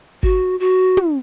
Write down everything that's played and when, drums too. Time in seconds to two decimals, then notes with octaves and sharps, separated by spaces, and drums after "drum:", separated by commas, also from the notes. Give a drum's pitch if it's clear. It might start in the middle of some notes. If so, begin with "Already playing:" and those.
0.23 F#4, drum: kick G#1
0.60 F#4
0.97 drum: tom